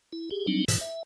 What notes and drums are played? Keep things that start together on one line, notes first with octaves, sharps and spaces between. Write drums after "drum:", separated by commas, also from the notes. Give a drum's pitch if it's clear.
E4
G4 G#4
F#3 G3 C4 D4 D#4
G#2 B2 E3, drum: hi-hat
E5